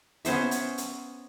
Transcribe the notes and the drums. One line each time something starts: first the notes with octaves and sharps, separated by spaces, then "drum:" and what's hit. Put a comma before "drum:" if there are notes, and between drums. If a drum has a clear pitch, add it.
B3 C#4 C5 E5, drum: hi-hat
drum: hi-hat
drum: hi-hat